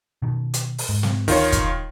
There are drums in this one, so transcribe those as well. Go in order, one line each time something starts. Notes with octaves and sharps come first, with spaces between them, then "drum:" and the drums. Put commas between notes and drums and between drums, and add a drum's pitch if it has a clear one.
B2 D#3
drum: hi-hat
drum: open hi-hat
G#2
drum: snare
D1 D#3 F4 C#5, drum: open hi-hat
drum: kick, hi-hat